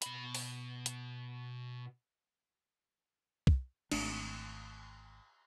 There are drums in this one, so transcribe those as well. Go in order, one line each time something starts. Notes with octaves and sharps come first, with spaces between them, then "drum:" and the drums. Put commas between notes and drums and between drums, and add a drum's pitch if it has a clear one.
B2 B5, drum: hi-hat
drum: open hi-hat
drum: hi-hat
drum: kick
G#1 A3 D4, drum: cymbal